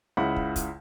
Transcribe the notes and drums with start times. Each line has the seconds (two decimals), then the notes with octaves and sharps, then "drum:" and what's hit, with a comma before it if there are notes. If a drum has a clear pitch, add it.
0.17 C#2 C#3 E4 F#5 B5
0.36 drum: kick
0.56 drum: kick, hi-hat